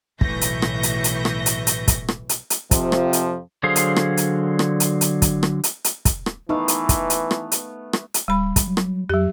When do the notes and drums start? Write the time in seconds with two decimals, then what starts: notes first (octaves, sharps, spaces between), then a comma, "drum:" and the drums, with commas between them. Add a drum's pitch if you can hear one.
0.21 B1 A2 E3 C#6 G6 A#6, drum: kick
0.41 drum: hi-hat
0.62 drum: rim click
0.83 drum: hi-hat
1.04 drum: hi-hat
1.25 drum: rim click
1.46 drum: hi-hat
1.67 drum: hi-hat
1.88 drum: kick, hi-hat
2.08 drum: rim click
2.29 drum: hi-hat
2.50 drum: hi-hat
2.71 F2 C3 F3, drum: kick, hi-hat
2.92 drum: rim click
3.13 drum: hi-hat
3.63 D3 F#3 G#4 C5 F5
3.76 drum: hi-hat
3.96 drum: rim click
4.17 drum: hi-hat
4.59 drum: rim click
4.80 drum: hi-hat
5.01 drum: hi-hat
5.22 drum: kick, hi-hat
5.43 drum: rim click
5.64 drum: hi-hat
5.84 drum: hi-hat
6.05 drum: kick, hi-hat
6.26 drum: rim click
6.49 E3 A3 B3 D#4 F5
6.68 drum: hi-hat
6.89 drum: kick, hi-hat
7.10 drum: hi-hat
7.31 drum: rim click
7.52 drum: hi-hat
7.93 drum: rim click
8.14 drum: hi-hat
8.28 D1 G3 B5
8.56 drum: kick, hi-hat
8.67 F#3
8.77 drum: rim click
9.09 F2 F#3 G4